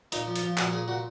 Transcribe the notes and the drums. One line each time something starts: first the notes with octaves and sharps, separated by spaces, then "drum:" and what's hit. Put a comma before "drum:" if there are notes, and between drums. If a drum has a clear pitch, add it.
A#2 D#4, drum: hi-hat
F3
F4, drum: hi-hat
F3
A#2 F#4, drum: clap
A#2 G#4
A#2 F#4